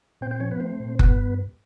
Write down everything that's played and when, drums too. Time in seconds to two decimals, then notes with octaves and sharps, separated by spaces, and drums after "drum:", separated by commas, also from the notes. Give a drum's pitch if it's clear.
0.21 A#2 C4 C5
0.31 C4 C5
0.40 F3 C#4 C#5
0.51 B3 B4
0.60 A3 C4 C5
0.80 A#2
0.99 G2 B3 B4, drum: kick F#1